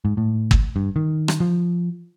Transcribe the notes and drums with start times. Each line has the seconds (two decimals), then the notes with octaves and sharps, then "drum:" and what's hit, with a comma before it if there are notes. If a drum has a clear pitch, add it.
0.05 G#2
0.17 A2
0.51 drum: kick
0.76 G2
0.96 D#3
1.28 drum: rim click
1.40 F3